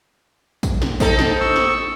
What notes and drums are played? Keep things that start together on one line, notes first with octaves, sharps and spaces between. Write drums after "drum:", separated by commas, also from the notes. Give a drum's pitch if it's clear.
drum: kick, tambourine
drum: snare
C4 D#4 A4, drum: kick, tambourine
drum: snare
C#6 E6
drum: snare